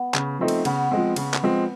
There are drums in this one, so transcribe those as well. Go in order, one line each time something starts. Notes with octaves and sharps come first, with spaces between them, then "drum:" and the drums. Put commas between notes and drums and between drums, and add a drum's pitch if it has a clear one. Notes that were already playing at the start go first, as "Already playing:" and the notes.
Already playing: B3
C#3, drum: clap
F3 A3 C4 D#4
drum: cymbal
C#3 B3, drum: cymbal
F3 G#3 C4
C#3, drum: cymbal
drum: clap
F3 G#3 C4